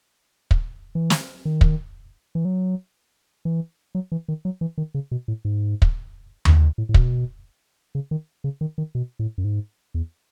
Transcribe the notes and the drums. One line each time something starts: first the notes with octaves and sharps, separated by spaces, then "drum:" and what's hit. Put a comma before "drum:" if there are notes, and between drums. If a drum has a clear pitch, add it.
drum: kick
E3
drum: snare
D#3
drum: kick
E3
F#3
E3
F#3
E3
D#3
F#3
E3
D#3
C#3
B2
A2
G#2
drum: kick
F#2, drum: tom D#2
A2
A2
B2, drum: kick
C#3
D#3
C#3
D#3
D#3
B2
A2
F#2
G#2
E2